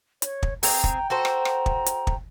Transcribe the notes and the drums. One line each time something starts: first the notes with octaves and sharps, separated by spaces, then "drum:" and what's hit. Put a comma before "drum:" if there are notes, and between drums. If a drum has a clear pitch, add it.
C#5, drum: hi-hat
drum: kick
C4 G#4 G5 A#5, drum: open hi-hat
drum: kick
F#4 A4 C5 A#5
drum: rim click
drum: rim click
drum: kick
drum: hi-hat
drum: kick